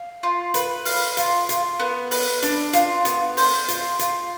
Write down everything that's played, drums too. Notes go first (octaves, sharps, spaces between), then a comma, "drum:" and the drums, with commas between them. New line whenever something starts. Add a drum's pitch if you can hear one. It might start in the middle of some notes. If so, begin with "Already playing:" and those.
Already playing: F5
F4
B4, drum: hi-hat
F5, drum: open hi-hat
F4, drum: hi-hat
F4, drum: hi-hat
B3
B4, drum: open hi-hat
D4, drum: hi-hat
F4, drum: hi-hat
B3, drum: hi-hat
C5, drum: open hi-hat
F4, drum: hi-hat
F4, drum: hi-hat